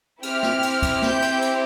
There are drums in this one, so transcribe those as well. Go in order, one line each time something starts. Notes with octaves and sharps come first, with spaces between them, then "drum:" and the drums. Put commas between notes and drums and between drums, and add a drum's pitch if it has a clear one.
C4 E4 G4 F6, drum: cymbal
drum: snare
drum: cymbal
drum: kick, cymbal
G6, drum: snare
drum: cymbal
drum: cymbal